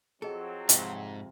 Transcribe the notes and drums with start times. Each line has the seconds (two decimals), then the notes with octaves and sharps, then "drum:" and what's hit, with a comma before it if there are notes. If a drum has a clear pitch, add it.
0.22 F3 F#3 C4 G#4 A4 D#5
0.69 F2 G#2 C3, drum: hi-hat